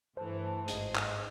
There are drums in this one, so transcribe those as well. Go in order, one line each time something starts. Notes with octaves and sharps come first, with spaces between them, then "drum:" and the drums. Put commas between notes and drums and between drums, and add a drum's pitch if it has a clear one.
G2 E3 A3 C5 A5
G#1 D#4 G#4 D#5, drum: hi-hat
drum: clap